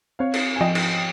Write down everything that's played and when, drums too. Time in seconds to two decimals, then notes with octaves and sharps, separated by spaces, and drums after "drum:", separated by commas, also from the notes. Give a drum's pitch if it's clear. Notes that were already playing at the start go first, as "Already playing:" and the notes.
0.19 C4 C#5 F5
0.34 drum: cymbal
0.56 G#5
0.61 F3 D#5 G5
0.75 drum: cymbal